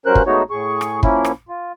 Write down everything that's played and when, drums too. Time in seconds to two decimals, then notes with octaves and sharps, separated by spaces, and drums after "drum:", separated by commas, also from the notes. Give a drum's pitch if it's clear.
0.06 G2 F#3 C#4 A#4 C5 F#6
0.15 drum: kick
0.26 G#3 A3 B3 D#4 F#4 C#5
0.50 A2 G#4 C#6
0.81 drum: rim click
1.03 F3 A#3 C#4 E4, drum: kick
1.25 drum: rim click
1.49 F4